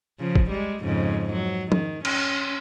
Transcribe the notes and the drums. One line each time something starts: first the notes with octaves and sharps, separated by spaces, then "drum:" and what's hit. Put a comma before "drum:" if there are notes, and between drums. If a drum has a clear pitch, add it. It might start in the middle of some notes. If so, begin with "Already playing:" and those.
C#3 F3
drum: kick
G3 G#3
F2 G#2 C#3
F#3
D#3, drum: tom F3
C#4, drum: cymbal